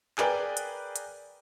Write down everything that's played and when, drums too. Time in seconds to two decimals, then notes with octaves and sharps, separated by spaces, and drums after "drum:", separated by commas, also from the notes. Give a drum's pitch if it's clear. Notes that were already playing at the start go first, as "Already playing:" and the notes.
0.18 G#4 A#4 B4 D5 G5 G#5, drum: clap
0.57 drum: hi-hat
0.96 drum: hi-hat